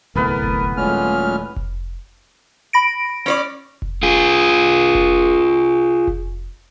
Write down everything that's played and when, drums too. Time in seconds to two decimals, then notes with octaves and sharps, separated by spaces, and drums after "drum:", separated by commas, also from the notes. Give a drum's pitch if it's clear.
0.15 D1 C2 E3 A3 B3 A#4 B4
0.44 drum: kick F1
0.77 D#1 A#2 F#3 G#3 A3 C#4 F6
1.56 drum: kick F1
2.73 B5 A#6 D7
3.26 C#4 C#5 D5
3.82 drum: kick F1
4.03 F4 G#4
4.95 drum: kick F1
6.07 drum: kick F1